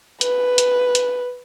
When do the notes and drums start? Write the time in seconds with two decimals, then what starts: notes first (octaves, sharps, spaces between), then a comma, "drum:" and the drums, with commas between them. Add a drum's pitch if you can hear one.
0.21 B4, drum: hi-hat
0.58 drum: hi-hat
0.95 drum: hi-hat